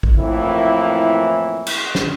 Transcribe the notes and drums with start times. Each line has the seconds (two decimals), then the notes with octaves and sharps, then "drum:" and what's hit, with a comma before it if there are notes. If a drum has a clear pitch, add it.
0.03 drum: kick A1
0.17 F2 A2 E3 A#3 E4
1.67 drum: cymbal
1.95 drum: snare